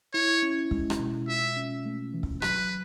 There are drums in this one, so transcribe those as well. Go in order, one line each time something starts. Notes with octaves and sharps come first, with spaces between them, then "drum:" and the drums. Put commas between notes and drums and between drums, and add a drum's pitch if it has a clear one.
E4 C#5
C#4
G#3, drum: kick
drum: rim click
B2
F4 E5
C#4
A3
E3
drum: kick
F#3 B4, drum: rim click